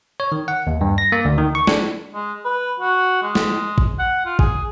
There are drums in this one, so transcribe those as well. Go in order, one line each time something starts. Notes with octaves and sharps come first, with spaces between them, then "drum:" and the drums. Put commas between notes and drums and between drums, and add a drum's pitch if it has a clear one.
C#5
D#3
F#5
D#2
G2
A#6
A#3
D2
D#3
C#6
D4, drum: snare
G#3
B4
F#4
G#3
drum: snare
drum: kick A1
F#5
F4
G#4, drum: kick A1